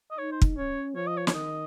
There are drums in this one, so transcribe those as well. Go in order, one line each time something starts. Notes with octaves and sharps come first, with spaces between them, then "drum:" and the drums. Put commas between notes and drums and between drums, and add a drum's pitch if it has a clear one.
D#5
D#4 C#5
C5
drum: kick
C#4 C#5
F3 C#5
D#5
C#5
C#5, drum: snare
D#3 D#5